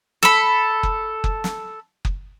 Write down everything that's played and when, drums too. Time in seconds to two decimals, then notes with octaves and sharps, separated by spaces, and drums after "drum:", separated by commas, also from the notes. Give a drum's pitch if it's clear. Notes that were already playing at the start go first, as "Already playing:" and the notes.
0.23 A4 B5, drum: snare
0.83 drum: kick F#1
1.24 drum: kick F#1
1.44 drum: snare
2.05 drum: kick F#1